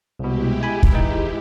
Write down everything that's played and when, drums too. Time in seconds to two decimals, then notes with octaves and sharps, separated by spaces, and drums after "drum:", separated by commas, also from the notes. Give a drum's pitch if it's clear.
0.19 C2 B2 G#3 E4 G4
0.63 G#5 B5
0.83 drum: kick
0.92 E3 D#4